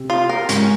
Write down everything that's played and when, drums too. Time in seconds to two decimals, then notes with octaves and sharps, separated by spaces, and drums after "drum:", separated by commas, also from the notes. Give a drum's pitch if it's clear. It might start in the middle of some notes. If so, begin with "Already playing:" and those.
Already playing: C3
0.10 F4
0.29 A#4
0.49 G#2 C#4, drum: hi-hat